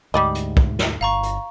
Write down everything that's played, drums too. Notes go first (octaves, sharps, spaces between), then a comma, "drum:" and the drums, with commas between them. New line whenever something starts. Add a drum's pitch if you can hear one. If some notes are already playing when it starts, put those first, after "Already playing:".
D2 G#2 G3 D5 D#5
drum: hi-hat
drum: kick
drum: snare
G1 F5 A#5 C#6
drum: hi-hat